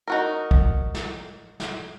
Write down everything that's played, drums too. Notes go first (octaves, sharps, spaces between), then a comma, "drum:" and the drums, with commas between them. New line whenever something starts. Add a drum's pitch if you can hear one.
D#4 F#4 A#4
drum: kick
drum: snare
drum: snare